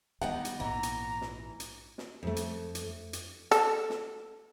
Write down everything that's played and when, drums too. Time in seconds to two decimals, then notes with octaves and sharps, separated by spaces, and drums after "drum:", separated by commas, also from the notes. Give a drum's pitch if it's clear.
0.22 D#3 G3 G#3 B3 D#4 F#5
0.45 drum: hi-hat
0.60 A#1 G#2 E3 A#5
0.83 drum: hi-hat
1.21 drum: snare
1.60 drum: hi-hat
1.98 drum: snare
2.23 F2 A3
2.36 drum: hi-hat
2.75 drum: hi-hat
3.13 drum: hi-hat
3.51 A4, drum: hi-hat
3.90 drum: snare